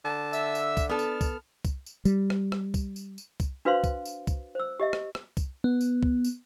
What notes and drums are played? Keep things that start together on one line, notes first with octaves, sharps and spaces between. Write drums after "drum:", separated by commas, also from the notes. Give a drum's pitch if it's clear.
D3 A5
E5 E6, drum: tambourine
drum: tambourine
drum: kick C2, tambourine
B3 D4 A4 F6
drum: tambourine
drum: kick C2, tambourine
drum: kick C2, tambourine
drum: tambourine
G3, drum: tambourine
drum: rim click
drum: rim click
drum: kick C2, tambourine
drum: tambourine
drum: tambourine
drum: kick C2, tambourine
D4 F#4 B4 C5 F5 C6
drum: kick C2, tambourine
drum: tambourine
drum: kick C2, tambourine
C5 E6
G4 D#5 E5
drum: rim click
drum: rim click
drum: kick C2, tambourine
B3
drum: tambourine
drum: kick C2
drum: tambourine